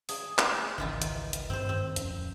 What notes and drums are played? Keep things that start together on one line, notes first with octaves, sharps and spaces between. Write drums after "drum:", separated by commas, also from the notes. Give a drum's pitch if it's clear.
G#4, drum: open hi-hat
drum: clap
G#1 C#2 D#3 E3 F4
drum: hi-hat
drum: hi-hat
G2 D#3 C4 C5
C4
D1 F2 C#4, drum: hi-hat